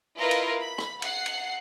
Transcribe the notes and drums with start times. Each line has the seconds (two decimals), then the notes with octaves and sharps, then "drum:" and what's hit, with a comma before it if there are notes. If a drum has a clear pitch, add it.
0.17 E4 F4 A#4 B4 D#5 F5
0.31 drum: cymbal
0.60 B5
0.78 drum: rim click
1.02 F#5 C7, drum: cymbal
1.26 drum: cymbal